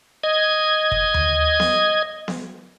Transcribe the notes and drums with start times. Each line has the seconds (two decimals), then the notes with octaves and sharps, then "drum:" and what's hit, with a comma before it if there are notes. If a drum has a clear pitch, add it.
0.23 D#5 G#6
0.92 drum: kick
1.14 drum: tom D#2
1.60 drum: snare B3
2.28 drum: snare B3